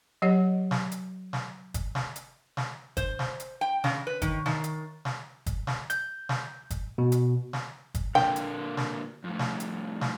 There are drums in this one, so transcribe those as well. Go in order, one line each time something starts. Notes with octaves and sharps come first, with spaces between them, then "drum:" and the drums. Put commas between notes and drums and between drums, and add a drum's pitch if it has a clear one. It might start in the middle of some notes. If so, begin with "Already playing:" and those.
F#3 G4 C#5 D#5 F#5
drum: snare
drum: hi-hat
drum: snare
drum: kick, hi-hat
drum: snare
drum: hi-hat
drum: snare
C5, drum: kick, hi-hat
drum: snare
drum: hi-hat
G5
C#3, drum: snare
B4
D#3, drum: kick, hi-hat
D#3, drum: snare
drum: hi-hat
drum: snare
drum: kick, hi-hat
drum: snare
G6, drum: hi-hat
drum: snare
drum: kick, hi-hat
B2
drum: hi-hat
drum: snare
drum: kick, hi-hat
A#2 D3 A#3 G5, drum: snare
drum: hi-hat
drum: snare
F2 A2
drum: snare
drum: hi-hat
drum: snare